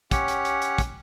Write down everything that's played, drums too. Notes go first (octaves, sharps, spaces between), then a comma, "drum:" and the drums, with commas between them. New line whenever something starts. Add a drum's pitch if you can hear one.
C#4 G4 C#5 F#5, drum: kick, hi-hat
drum: hi-hat
drum: hi-hat
drum: hi-hat
drum: kick, hi-hat